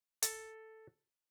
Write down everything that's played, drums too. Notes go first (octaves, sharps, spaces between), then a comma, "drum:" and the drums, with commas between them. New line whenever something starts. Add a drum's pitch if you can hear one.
A4, drum: hi-hat